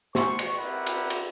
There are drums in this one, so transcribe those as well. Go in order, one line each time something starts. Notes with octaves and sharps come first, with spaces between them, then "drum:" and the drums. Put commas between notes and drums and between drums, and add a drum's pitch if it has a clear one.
F#4 G4 C5 C6 C#6, drum: snare
drum: cymbal
C4 E4 G4 A#4 B4 F#5
drum: cymbal
drum: cymbal